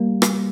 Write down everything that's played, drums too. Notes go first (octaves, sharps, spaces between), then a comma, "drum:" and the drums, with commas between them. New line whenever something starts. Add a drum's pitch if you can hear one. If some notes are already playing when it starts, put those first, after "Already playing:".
Already playing: G3 A#3
drum: rim click